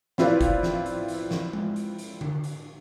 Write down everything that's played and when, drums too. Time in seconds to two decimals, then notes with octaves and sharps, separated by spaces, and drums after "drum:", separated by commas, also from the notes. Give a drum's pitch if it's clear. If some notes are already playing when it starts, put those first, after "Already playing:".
0.18 C4 E4 F4 B4 D5, drum: snare
0.41 drum: kick F#1, hi-hat
0.63 drum: snare
0.86 drum: hi-hat
1.08 drum: hi-hat
1.31 drum: snare
1.53 drum: tom G#3
1.76 drum: hi-hat
1.99 drum: hi-hat
2.21 drum: tom D3
2.44 drum: hi-hat